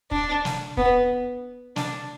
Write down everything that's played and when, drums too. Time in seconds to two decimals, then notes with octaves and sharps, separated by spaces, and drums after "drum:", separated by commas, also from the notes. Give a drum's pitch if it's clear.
0.11 D4, drum: kick
0.45 drum: snare
0.77 B3, drum: kick
1.76 D4, drum: snare